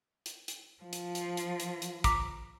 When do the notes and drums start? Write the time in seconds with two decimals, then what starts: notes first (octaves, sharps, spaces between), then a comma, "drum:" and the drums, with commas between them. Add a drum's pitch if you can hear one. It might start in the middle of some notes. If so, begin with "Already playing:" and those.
0.26 drum: hi-hat
0.48 drum: hi-hat
0.83 F3
0.93 drum: hi-hat
1.15 drum: hi-hat
1.37 drum: hi-hat
1.60 drum: hi-hat
1.82 drum: hi-hat
2.04 A#5 D6 B6, drum: kick, hi-hat